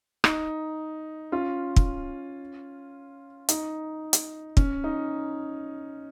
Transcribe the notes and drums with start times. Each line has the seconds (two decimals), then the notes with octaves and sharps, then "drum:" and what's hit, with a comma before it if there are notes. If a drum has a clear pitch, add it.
0.24 D#4, drum: rim click
1.32 C#4 F4
1.76 drum: kick
3.49 D#4, drum: hi-hat
4.13 drum: hi-hat
4.57 C#4, drum: kick
4.84 D#4